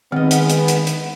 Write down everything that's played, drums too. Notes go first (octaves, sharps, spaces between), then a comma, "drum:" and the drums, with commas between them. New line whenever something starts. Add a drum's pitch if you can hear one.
D#3 G#3 B3 C4 D#5
drum: hi-hat
drum: hi-hat
drum: hi-hat
drum: hi-hat